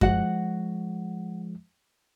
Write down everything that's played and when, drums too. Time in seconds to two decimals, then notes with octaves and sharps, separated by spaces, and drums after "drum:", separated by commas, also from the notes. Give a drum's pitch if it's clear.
0.01 F3 G#3 F#4 F#5, drum: kick F#2